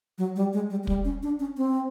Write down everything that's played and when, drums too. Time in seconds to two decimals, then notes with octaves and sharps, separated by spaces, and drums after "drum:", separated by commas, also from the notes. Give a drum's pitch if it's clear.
0.18 F#3
0.36 G3
0.53 G#3
0.70 G3
0.83 G#3
0.87 G3, drum: kick
1.04 C#4
1.23 D4
1.39 C#4
1.57 C4